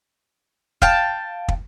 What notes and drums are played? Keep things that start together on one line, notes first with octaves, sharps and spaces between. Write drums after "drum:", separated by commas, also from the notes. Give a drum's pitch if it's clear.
F5 G5 A5, drum: kick
drum: kick